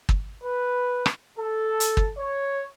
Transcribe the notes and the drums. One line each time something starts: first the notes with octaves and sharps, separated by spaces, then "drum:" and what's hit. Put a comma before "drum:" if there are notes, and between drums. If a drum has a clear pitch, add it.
drum: kick
B4
drum: rim click
A4
drum: hi-hat
drum: kick
C#5